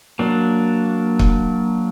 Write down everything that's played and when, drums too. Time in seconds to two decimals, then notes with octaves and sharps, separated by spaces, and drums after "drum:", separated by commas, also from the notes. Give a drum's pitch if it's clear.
0.19 F#3 A#3 D4
1.19 drum: kick